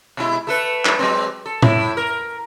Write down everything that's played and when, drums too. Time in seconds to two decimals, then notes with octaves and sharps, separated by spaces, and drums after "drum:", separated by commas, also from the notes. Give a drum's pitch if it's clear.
0.17 B2 G#3 E4
0.47 A3 A4 B4
0.85 drum: clap
0.99 F#3 G#3 C4
1.46 A4
1.62 A2 E4, drum: tom
1.97 A#4